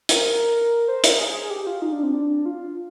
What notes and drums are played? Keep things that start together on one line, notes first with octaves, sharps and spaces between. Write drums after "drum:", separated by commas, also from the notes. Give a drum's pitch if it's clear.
A#4, drum: hi-hat
A#4
A#4
C5
A#4, drum: hi-hat
G#4
G#4
G4
F4
D#4
D4
C4
D4
D4
F4